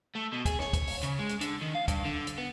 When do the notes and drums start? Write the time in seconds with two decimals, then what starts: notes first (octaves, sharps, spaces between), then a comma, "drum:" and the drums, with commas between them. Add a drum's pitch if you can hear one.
0.15 A3
0.32 B2
0.45 G#4, drum: kick, hi-hat
0.60 C#5, drum: snare
0.73 drum: kick, hi-hat
0.87 drum: open hi-hat
1.03 C#3, drum: hi-hat
1.19 G#3
1.29 drum: hi-hat
1.41 D3, drum: hi-hat
1.62 D#3
1.75 F5
1.88 G2, drum: kick, hi-hat
2.06 D3
2.27 drum: hi-hat
2.38 B3